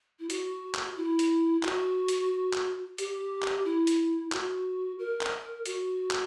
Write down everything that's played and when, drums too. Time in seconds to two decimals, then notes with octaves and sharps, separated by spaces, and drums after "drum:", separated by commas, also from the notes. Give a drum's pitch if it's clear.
0.19 E4
0.30 F#4, drum: hi-hat
0.74 drum: clap
0.97 E4
1.19 drum: hi-hat
1.63 F#4, drum: clap
2.08 drum: hi-hat
2.53 drum: clap
2.98 G4, drum: hi-hat
3.42 drum: clap
3.65 E4
3.87 drum: hi-hat
4.32 F#4, drum: clap
4.99 A#4
5.21 drum: clap
5.66 F#4, drum: hi-hat
6.11 drum: clap